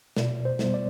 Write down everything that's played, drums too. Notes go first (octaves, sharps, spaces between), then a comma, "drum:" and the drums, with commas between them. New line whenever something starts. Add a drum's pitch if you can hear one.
B2 D5, drum: snare
C5
G3 B3, drum: snare
D5